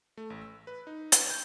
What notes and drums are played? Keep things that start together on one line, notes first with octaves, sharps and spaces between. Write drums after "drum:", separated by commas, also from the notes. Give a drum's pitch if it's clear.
A3
A1
E6
B4
D#4
B4, drum: hi-hat
G6